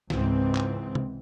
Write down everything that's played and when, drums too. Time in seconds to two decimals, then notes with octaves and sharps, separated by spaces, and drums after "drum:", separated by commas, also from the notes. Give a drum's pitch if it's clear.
0.10 C#2 G#2 E3 C4, drum: snare
0.55 drum: clap
0.95 drum: tom C3